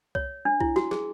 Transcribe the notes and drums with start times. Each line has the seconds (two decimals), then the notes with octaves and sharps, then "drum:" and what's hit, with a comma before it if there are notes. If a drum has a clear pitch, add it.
0.15 C#5, drum: kick C2
0.45 D4
0.61 E4, drum: kick C2
0.76 F#4, drum: snare
0.91 G#4, drum: snare